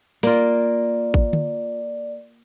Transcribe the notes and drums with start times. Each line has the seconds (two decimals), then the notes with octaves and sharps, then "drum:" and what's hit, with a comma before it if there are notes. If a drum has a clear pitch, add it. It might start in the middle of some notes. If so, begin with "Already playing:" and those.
0.23 A#3 F4 D5, drum: open hi-hat
1.14 drum: kick
1.33 drum: tom D3